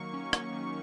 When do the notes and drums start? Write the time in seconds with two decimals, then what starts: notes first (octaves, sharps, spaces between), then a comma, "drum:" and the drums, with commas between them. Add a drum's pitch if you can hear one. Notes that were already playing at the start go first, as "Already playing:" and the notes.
Already playing: D#3 F#3 A#3 C#6
0.14 C#4
0.33 F#3, drum: rim click
0.52 D#3